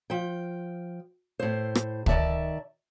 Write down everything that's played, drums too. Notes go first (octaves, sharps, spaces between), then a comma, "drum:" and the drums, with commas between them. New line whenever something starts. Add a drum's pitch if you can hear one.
F3 G5
A2 C5
drum: rim click
D#3 D5 E5 A5, drum: kick